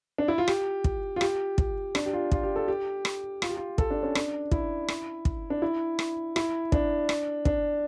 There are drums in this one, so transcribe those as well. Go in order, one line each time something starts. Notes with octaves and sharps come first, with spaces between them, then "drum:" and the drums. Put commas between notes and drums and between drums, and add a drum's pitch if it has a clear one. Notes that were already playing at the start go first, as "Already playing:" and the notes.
D4
E4
F4
G4, drum: rim click
drum: kick
F4
G4, drum: rim click
drum: kick
D4, drum: rim click
G4
F4
F4, drum: kick
G4
A4
G4
drum: rim click
F4, drum: rim click
G4
F4
A4, drum: kick
D4
C#4
D4, drum: rim click
E4, drum: kick
drum: rim click
drum: kick
D4
E4
drum: rim click
E4, drum: rim click
D4, drum: kick
drum: rim click
D4, drum: kick